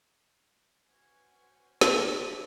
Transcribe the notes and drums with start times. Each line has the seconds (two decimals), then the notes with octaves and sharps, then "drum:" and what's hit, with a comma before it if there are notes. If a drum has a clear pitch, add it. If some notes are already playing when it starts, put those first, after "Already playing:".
0.88 C#4 F#4 B4 C5 F#5 G#5
1.81 G#3 A3 B5, drum: snare